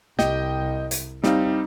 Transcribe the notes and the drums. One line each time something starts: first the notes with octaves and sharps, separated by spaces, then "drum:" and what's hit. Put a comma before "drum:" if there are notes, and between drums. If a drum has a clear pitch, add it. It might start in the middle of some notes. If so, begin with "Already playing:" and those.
C2 G4 D#5 G5, drum: snare
drum: hi-hat
G3 C4 D#4 F5, drum: snare